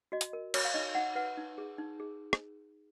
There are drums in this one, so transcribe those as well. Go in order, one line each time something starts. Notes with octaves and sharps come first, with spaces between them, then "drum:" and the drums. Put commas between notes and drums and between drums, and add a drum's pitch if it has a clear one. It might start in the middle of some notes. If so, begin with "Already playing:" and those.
F#4 D#5
drum: hi-hat
A#4
F#4 C#5, drum: cymbal
F5
D#4 D#5
D#4 F#5
B4 F#5
D#4
G#4
D#4
G#4
drum: rim click